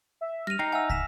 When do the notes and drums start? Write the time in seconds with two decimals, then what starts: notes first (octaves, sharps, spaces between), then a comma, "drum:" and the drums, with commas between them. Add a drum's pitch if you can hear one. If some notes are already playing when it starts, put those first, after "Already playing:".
0.21 E5
0.47 G2 F6 A#6 D#7 F7
0.59 D#4 G5 A#5 C7
0.72 E5 F#5 G#5 E6
0.90 A#6 B6 E7, drum: kick